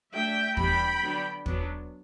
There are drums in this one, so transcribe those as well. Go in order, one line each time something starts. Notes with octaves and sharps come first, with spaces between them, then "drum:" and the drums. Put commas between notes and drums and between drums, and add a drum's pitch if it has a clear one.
F#3 A3 D4 E5 G5
E3 G3 B3 D4 G5 B5, drum: kick
D3 F#3 B3 D4
F#3 B3 D4, drum: kick